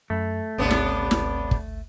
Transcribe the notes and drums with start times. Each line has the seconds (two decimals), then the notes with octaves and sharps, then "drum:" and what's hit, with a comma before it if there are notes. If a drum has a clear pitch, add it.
0.10 F#2 A3
0.58 G#1 D2 C3 B3 D4
0.71 drum: snare
1.11 drum: snare
1.51 drum: kick